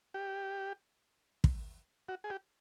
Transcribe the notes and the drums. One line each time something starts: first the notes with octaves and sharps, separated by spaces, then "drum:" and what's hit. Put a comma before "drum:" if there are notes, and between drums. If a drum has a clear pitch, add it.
G4
drum: kick
F#4
G#4
G4